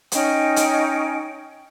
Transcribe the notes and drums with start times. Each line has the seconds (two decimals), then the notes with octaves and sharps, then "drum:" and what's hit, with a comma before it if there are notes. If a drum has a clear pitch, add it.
0.12 C#4 D#4 G5, drum: hi-hat
0.56 drum: hi-hat